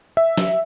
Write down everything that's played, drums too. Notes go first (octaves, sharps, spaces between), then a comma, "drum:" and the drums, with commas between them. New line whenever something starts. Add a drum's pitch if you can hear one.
E5
drum: snare